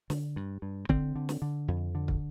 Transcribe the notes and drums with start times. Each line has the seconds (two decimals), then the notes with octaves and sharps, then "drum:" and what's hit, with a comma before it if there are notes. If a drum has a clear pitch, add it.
0.10 D3, drum: snare
0.36 G2
0.62 G2
0.89 D3 C4, drum: kick
1.16 D3
1.29 drum: snare
1.42 D3
1.68 F2
1.95 D3
2.08 drum: kick